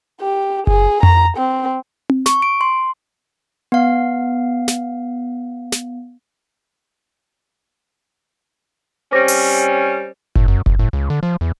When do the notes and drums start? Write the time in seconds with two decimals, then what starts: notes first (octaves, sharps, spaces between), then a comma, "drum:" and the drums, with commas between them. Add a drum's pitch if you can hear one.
0.21 G4
0.67 G#4, drum: kick F#1
1.03 A#5, drum: tom F2
1.37 C4
2.10 drum: tom C4
2.26 C#6, drum: snare
2.42 D7
2.61 C6
3.72 B3 F5
4.68 drum: snare
5.72 drum: snare
9.12 G3 C4 C#4 C5 D6 A#6
9.28 drum: open hi-hat
10.35 A2, drum: kick F#1
10.48 F#2
10.66 E1, drum: kick F#1
10.79 A2
10.93 C#2
11.10 D3
11.23 F3
11.41 E2